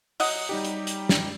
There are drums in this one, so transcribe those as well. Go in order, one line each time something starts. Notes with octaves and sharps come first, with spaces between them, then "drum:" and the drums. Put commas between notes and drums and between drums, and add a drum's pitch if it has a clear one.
F#3 D#5 F#5, drum: open hi-hat
G3 D#4 G4
drum: hi-hat
drum: hi-hat
drum: snare